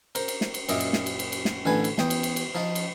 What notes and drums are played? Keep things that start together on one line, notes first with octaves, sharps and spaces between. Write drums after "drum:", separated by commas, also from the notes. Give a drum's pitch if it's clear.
A#4 C5, drum: cymbal
drum: cymbal
drum: snare
drum: cymbal
F#2 A#2 D#5 E5 D6, drum: cymbal
drum: cymbal
drum: snare
drum: cymbal
drum: cymbal
drum: cymbal
drum: snare
A1 D3 B4 G#5
drum: cymbal
E2 G5 D#6, drum: snare
drum: cymbal
drum: cymbal
drum: cymbal
F3 D#4 F4
drum: cymbal